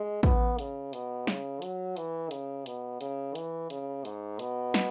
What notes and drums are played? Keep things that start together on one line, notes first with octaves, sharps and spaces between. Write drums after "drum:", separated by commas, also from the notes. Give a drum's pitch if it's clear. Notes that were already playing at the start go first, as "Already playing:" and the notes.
Already playing: G#3
B3, drum: kick, hi-hat
C#3, drum: hi-hat
B2, drum: hi-hat
C#3, drum: snare
F#3, drum: hi-hat
E3, drum: hi-hat
C#3, drum: hi-hat
B2, drum: hi-hat
C#3, drum: hi-hat
E3, drum: hi-hat
C#3, drum: hi-hat
G#2, drum: hi-hat
B2, drum: hi-hat
drum: snare